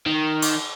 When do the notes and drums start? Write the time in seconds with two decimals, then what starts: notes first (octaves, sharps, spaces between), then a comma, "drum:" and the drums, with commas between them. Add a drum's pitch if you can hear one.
0.06 D#3
0.42 drum: cymbal